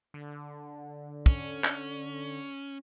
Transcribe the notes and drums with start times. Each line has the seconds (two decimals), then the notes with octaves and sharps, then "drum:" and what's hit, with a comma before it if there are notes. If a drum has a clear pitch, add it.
0.14 D3
1.26 C#4, drum: kick
1.64 drum: clap